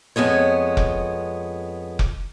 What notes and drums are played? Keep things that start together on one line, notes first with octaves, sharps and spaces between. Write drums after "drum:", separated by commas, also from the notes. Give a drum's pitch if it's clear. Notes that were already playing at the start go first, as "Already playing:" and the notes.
F2 G#3 B3 C#5
drum: kick F1
drum: kick F1